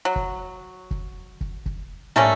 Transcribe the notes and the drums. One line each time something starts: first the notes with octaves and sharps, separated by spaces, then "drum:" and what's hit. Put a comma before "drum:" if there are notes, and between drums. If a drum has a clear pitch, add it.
F#3
drum: kick
drum: kick
drum: kick
drum: kick
G3 A3 A#3 C#4, drum: tom